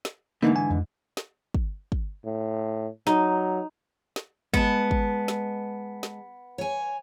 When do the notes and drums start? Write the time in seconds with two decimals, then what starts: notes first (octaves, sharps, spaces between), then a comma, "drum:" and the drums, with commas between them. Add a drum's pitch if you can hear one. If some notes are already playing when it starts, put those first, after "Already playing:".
0.05 drum: snare
0.42 G#2 D3 E3 A#3 D#4
0.56 G#5
0.71 F2
1.17 drum: snare
1.54 drum: kick
1.92 drum: kick
2.25 A2
3.07 F#3 D#4, drum: snare
4.16 drum: snare
4.54 G#3 B3 A5, drum: kick
4.91 drum: kick
5.28 drum: snare
6.03 drum: snare
6.58 C#5 G#5